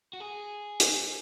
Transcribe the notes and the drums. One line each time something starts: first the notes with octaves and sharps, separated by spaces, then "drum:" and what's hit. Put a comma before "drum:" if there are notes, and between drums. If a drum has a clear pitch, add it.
F#4
G#4
drum: hi-hat